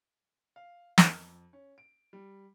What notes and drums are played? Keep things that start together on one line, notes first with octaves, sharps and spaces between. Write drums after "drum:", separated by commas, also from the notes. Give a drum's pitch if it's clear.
F5
drum: snare
F2
C#4
D7
G3